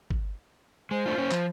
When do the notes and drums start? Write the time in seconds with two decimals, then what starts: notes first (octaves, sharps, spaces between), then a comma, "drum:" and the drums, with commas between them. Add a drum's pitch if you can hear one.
0.10 drum: kick
0.91 G#3 C5
1.06 A3 D4 F4
1.18 A#3 C#4
1.31 F3, drum: clap